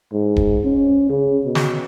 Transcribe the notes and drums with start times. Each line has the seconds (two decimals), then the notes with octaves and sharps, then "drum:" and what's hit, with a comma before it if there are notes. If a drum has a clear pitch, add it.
0.13 G#2
0.36 drum: kick D#1
0.64 C#4
1.09 C#3
1.45 B2
1.55 drum: snare